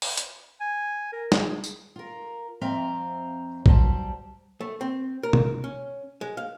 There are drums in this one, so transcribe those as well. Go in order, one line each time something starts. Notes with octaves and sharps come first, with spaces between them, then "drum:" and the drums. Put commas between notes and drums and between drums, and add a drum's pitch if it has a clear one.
drum: open hi-hat
drum: hi-hat
G#5
A#4
G#4, drum: snare
drum: tambourine
F4 A#4
F2 C4 E5 F5 A#5
F#3 G3 C5 A5, drum: kick
A3
C4
A#4
drum: tom
C#4
G#3
F5